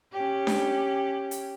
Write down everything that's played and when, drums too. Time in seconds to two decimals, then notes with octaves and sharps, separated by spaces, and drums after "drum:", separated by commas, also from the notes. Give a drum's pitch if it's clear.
0.12 C#4 G4
0.47 drum: snare D4
1.31 drum: hi-hat